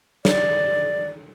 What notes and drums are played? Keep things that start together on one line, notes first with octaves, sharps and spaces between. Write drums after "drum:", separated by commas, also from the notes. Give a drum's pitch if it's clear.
D5, drum: snare